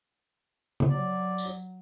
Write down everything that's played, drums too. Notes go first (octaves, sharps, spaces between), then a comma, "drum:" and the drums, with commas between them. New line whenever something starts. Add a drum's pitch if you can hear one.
drum: tom C#3
F#3 D5
drum: tambourine